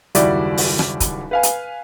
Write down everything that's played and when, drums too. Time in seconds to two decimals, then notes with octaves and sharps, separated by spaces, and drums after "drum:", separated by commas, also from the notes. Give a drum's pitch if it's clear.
0.15 F#1 D#2 G3 E4 F#4 D5, drum: hi-hat
0.57 drum: open hi-hat
0.79 drum: rim click
1.00 drum: kick, hi-hat
1.31 B4 F5 G#5
1.43 drum: hi-hat